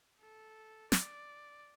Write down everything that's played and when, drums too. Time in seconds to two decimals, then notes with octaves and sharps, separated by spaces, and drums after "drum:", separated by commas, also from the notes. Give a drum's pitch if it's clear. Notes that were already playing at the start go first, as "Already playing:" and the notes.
0.21 A4
0.92 D5, drum: snare